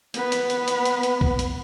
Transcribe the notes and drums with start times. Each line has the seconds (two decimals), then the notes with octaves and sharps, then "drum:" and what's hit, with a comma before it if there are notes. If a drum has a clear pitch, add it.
0.14 B3 B4, drum: hi-hat
0.32 drum: hi-hat
0.50 drum: hi-hat
0.68 drum: hi-hat
0.85 drum: hi-hat
1.03 drum: hi-hat
1.21 drum: kick C2
1.39 drum: hi-hat